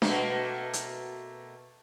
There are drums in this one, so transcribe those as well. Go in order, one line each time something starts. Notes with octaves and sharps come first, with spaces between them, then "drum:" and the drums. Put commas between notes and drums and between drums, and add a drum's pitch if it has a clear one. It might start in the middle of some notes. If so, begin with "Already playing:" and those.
B2 A3 A#3, drum: snare D4
drum: hi-hat